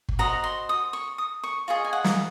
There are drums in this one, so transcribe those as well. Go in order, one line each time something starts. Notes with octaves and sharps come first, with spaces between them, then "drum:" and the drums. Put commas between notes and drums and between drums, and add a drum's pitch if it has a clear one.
drum: kick G1
F#4 C5 D#5 A#5
C6
D#6
C#6
D#6
C#6
F4 G#4 D#5 C#6
G#5
F#5
drum: snare